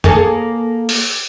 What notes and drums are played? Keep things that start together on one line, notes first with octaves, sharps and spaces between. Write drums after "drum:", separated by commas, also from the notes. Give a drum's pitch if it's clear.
A#3 G#4 A4, drum: tom F2
drum: open hi-hat